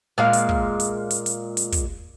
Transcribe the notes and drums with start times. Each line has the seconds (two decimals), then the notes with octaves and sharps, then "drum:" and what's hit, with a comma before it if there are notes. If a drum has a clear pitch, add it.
0.18 A#2 G#3 F5
0.33 drum: hi-hat
0.49 drum: kick
0.80 drum: hi-hat
1.11 drum: hi-hat
1.26 drum: hi-hat
1.57 drum: hi-hat
1.72 drum: kick, hi-hat